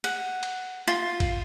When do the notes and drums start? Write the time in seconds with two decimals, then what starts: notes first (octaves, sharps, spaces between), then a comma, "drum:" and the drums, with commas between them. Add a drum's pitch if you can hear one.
0.04 F#5, drum: cymbal
0.43 drum: cymbal
0.87 F4
1.20 drum: kick, cymbal